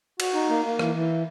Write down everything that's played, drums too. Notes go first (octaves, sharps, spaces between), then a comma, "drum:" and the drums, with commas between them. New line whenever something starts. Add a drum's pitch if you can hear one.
F#4, drum: cymbal
D#4
A#3
A#3
E3, drum: rim click
E3